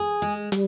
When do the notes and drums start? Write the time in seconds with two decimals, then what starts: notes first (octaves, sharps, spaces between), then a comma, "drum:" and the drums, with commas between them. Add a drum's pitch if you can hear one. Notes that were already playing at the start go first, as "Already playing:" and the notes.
Already playing: G#4
0.22 G#3
0.52 G3, drum: hi-hat